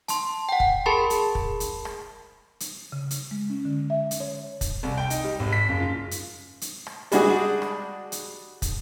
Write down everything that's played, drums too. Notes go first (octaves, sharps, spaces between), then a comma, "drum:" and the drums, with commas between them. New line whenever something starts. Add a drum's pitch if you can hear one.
A5 C6, drum: hi-hat
F#5 G5
drum: kick
G#4 A#4 A5 B5 C6
drum: hi-hat
drum: kick
drum: hi-hat
drum: rim click
drum: hi-hat
C#3
drum: hi-hat
G#3
C#4
D3
E5
drum: hi-hat
C#5
drum: kick, hi-hat
C2
G5
D#4, drum: hi-hat
G3
G#1
B6
F#1
F4
drum: hi-hat
drum: hi-hat
drum: rim click
G3 G#3 D4 F#4 G#4, drum: hi-hat
drum: rim click
drum: hi-hat
drum: kick, hi-hat